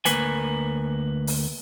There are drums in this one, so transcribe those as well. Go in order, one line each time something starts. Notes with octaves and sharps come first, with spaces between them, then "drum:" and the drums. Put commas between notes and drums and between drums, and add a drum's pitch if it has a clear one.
D2 A#3 B4 G#5, drum: hi-hat
drum: open hi-hat